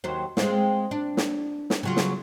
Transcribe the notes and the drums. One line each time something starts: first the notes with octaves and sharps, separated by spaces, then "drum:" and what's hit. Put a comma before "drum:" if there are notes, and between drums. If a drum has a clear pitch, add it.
D#2 F#3 C5
G#3 C4 F4, drum: snare
D4
drum: snare
drum: snare
C#3 F#3 F4
drum: snare